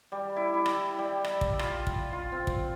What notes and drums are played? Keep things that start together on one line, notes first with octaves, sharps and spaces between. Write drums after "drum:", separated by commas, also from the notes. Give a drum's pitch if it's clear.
G3
E4
E4
drum: rim click
G3
E5, drum: rim click
drum: kick
F4, drum: rim click
drum: kick
F4
C4
drum: kick